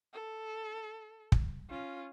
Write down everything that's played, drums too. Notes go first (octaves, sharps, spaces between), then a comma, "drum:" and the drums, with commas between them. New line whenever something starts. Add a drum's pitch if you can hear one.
A4
drum: kick
C#4 F4